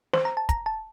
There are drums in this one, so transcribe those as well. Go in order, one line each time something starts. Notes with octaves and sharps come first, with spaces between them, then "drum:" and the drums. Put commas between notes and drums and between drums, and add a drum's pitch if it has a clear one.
C5, drum: snare
A#5
A5
A#5, drum: kick, hi-hat
A5